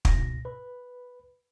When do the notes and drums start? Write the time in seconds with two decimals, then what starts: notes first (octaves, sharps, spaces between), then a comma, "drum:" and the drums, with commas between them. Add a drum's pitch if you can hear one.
0.05 C#2 G#2 B2 A#6, drum: kick
0.45 B4 B5